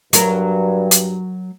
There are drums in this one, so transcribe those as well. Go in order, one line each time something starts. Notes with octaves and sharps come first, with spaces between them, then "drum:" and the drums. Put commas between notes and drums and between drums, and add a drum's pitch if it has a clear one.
G2 F#3 A#4, drum: hi-hat
drum: hi-hat